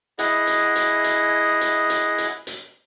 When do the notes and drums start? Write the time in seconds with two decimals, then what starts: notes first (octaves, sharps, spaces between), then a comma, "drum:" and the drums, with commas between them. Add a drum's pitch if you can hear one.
0.19 E4 G#4 D#5 F#5, drum: hi-hat
0.47 drum: hi-hat
0.76 drum: hi-hat
1.04 drum: hi-hat
1.61 drum: hi-hat
1.90 drum: hi-hat
2.18 drum: hi-hat
2.47 drum: hi-hat